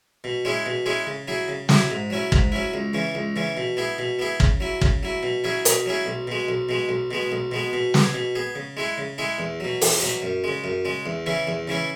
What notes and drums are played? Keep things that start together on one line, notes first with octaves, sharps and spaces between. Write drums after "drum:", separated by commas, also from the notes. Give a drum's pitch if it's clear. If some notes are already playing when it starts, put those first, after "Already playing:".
B2
G#3 C#4 E4 G#4
B2
G#3 C#4 E4 G#4
C#3
F#3 E4 G#4
C#3
F#3 E4 G#4, drum: snare
G#2
F#3 C#4 E4
G#2, drum: kick
F#3 C#4 E4
C#2
C#3 E3 C#4
C#2
C#3 E3 C#4
B2
B3 E4 G#4
B2
B3 E4 G#4
C#3, drum: kick
F#3 E4
C#3, drum: kick
F#3 E4
B2
F#3 C#4 E4 G#4
B2, drum: hi-hat
F#3 C#4 E4 G#4
B1
B2 G#3
B1
B2 G#3
B1
B2 G#3 B3
B1
B2 G#3 B3
B2
B3 G#4, drum: snare
B2
B3 G#4
C#3
G#3 E4 G#4
C#3
G#3 E4 G#4
E2
B2 F#3
E2, drum: open hi-hat
B2 F#3
F#2
C#3 G#3
F#2
C#3 G#3
E2
C#3 E3 C#4 E4
E2
C#3 E3 C#4 E4